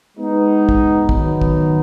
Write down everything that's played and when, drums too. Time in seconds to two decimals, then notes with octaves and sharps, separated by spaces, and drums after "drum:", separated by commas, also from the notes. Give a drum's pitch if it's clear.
0.17 G#3 B3 D#4
0.69 drum: kick
1.09 D#3 F#3 B3 D#4, drum: kick
1.42 drum: kick